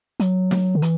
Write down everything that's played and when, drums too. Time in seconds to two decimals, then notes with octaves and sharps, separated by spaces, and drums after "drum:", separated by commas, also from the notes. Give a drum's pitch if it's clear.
0.20 F#3, drum: hi-hat
0.51 drum: snare
0.75 D3
0.82 E3, drum: hi-hat